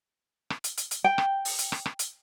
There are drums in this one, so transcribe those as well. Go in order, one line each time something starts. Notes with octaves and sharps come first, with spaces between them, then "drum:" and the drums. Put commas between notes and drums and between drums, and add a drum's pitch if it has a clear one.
drum: rim click
drum: hi-hat
drum: hi-hat
drum: hi-hat
G5
drum: rim click
drum: open hi-hat
drum: hi-hat
drum: rim click
drum: rim click
drum: hi-hat